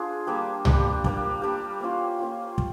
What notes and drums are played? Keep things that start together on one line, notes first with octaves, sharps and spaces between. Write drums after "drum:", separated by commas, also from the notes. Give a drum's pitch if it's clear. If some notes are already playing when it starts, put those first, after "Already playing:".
Already playing: D4 F4 G#4
G3 A#3 D4 G4
G3 A#3 D4 G4, drum: tom C2
G3 A#3 D4 G4, drum: kick
G3 A#3 D4 G4
A#3 C#4 F4
A#3 C#4 F4
drum: kick